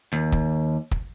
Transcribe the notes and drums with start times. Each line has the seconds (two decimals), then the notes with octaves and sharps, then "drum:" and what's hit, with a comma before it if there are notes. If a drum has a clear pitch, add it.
0.13 D#2
0.32 drum: kick
0.91 drum: kick